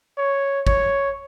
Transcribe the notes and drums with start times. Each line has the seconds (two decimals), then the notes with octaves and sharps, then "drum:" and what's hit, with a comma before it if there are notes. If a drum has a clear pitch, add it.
0.18 C#5
0.67 C#5, drum: kick